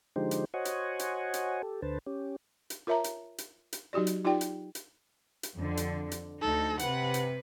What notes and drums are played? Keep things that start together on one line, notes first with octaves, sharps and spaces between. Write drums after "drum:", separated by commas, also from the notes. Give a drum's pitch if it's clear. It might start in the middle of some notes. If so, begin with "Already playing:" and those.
D3 F3 G#3 D#4 G4 C5
drum: hi-hat
F#4 C5 C#5 D#5 F#5 G#5
drum: hi-hat
drum: hi-hat
drum: hi-hat
G4 A4
D2 D3 B4 C5 A5
C#4 G4
drum: hi-hat
F4 A#4 C#5 E5 A5 A#5
drum: hi-hat
drum: hi-hat
drum: hi-hat
F#3 D#4 F#4 G4 D5
drum: hi-hat
D#4 F4 G4 D5 G5
drum: hi-hat
drum: hi-hat
drum: hi-hat
F2 D3
drum: hi-hat
drum: hi-hat
D2 D#4 A4
C3 B4 F#5, drum: hi-hat
drum: hi-hat